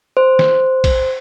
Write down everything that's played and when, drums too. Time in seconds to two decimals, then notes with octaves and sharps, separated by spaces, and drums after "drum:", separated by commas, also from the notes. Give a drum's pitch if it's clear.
0.17 C5
0.39 drum: snare
0.84 drum: kick, cymbal